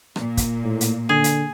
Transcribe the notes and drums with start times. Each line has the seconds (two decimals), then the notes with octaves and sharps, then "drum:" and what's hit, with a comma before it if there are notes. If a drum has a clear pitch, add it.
0.16 A#2 A#3, drum: rim click
0.37 drum: kick, hi-hat
0.64 A2
0.81 drum: hi-hat
1.09 D3 G#4
1.24 drum: hi-hat